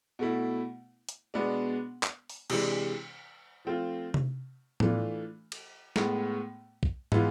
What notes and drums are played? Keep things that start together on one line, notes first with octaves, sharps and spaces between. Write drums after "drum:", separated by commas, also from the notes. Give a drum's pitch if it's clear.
B2 A3 E4
drum: hi-hat
B2 G#3 B3 D4
drum: clap
drum: open hi-hat
C3 E3 G#3 D4, drum: cymbal
F3 A3 C4 F4
drum: tom C3
E3 A3 D4 F4, drum: tom A2
drum: cymbal
A2 G#3 B3, drum: snare
drum: kick
E3 G#3 B3 F4, drum: tom